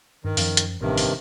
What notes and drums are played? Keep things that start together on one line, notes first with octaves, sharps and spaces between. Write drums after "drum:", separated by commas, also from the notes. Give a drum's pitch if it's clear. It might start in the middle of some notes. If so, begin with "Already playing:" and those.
G2 D#3
F#2 F3, drum: open hi-hat
drum: hi-hat
A1 G2 C3 D#3
drum: open hi-hat